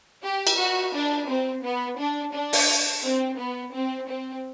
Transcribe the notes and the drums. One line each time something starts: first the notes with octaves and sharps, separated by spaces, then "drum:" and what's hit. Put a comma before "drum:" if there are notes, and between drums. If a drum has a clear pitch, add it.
G4
drum: cymbal
F#4
D4
C4
B3
D4
D4
drum: open hi-hat
C4
B3
C4
C4